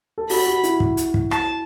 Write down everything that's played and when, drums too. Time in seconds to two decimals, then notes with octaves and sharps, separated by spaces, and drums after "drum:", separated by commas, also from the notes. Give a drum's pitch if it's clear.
0.18 A4
0.29 F#4 B5, drum: open hi-hat
0.47 F#4
0.63 E4, drum: hi-hat
0.80 drum: kick
0.97 drum: hi-hat
1.14 drum: kick
1.31 A5, drum: rim click